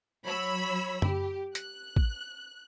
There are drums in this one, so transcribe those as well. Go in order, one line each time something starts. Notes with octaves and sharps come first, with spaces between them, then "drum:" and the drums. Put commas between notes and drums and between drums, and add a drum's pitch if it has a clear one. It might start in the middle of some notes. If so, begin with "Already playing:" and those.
F#3 C#5 B5 E6
G4, drum: tom F#2
F#6, drum: hi-hat
drum: kick